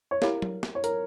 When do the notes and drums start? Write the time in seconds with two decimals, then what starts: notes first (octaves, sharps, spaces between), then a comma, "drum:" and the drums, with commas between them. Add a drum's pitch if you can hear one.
0.11 C#5
0.22 E4 G4 A#4 C#5 F5, drum: snare
0.42 drum: tom F#3
0.63 drum: snare
0.75 C#5
0.84 A#4, drum: hi-hat